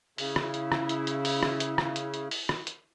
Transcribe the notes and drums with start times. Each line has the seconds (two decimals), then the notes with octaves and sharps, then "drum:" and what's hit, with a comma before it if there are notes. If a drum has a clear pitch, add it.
0.18 C#3 E4, drum: open hi-hat
0.36 drum: rim click
0.54 drum: hi-hat
0.72 drum: rim click
0.89 drum: hi-hat
1.07 drum: hi-hat
1.25 drum: open hi-hat
1.43 drum: rim click
1.60 drum: hi-hat
1.78 drum: rim click
1.96 drum: hi-hat
2.14 drum: hi-hat
2.31 drum: open hi-hat
2.49 drum: rim click
2.67 drum: hi-hat